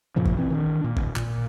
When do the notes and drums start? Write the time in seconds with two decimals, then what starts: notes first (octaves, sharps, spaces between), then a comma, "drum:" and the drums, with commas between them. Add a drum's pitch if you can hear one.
0.16 F#2 A#2 C#3 F3
0.26 drum: kick
0.37 E3 C4
0.50 D#3 C#4 D4
0.84 A#2
0.97 D1, drum: kick
1.16 A#2, drum: clap